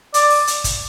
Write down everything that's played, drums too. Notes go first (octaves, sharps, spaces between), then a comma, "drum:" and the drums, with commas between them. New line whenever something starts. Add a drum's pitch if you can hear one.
D5, drum: hi-hat
drum: open hi-hat
drum: hi-hat
drum: kick, hi-hat